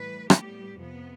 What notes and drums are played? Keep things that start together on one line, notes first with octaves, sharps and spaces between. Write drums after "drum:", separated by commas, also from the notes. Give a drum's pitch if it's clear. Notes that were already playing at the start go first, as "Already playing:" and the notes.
Already playing: A2 E3 G3 B4
A2 G3 B3 G4, drum: rim click
F2 C3 F3 B3